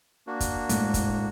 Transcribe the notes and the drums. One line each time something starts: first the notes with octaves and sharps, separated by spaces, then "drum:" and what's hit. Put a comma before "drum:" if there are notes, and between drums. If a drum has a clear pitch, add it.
A#3 D4 F#4
drum: kick, hi-hat
A2 G#3 A3, drum: hi-hat
drum: kick, hi-hat